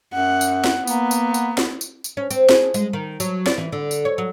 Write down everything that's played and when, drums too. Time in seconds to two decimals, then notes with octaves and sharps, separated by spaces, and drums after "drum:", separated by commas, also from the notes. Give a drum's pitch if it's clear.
0.14 F#2 F#5
0.41 drum: tambourine
0.51 F#5
0.64 drum: snare
0.87 A#3 B3, drum: tambourine
1.11 drum: tambourine
1.34 drum: tambourine
1.58 drum: snare
1.81 drum: tambourine
2.04 drum: tambourine
2.17 C#4
2.30 C4, drum: tambourine
2.49 G#4, drum: snare
2.74 G#3, drum: tambourine
2.93 D#3
3.20 F#3, drum: tambourine
3.46 D5, drum: snare
3.58 E3
3.72 D3
3.91 drum: tambourine
4.05 C#5
4.18 F#3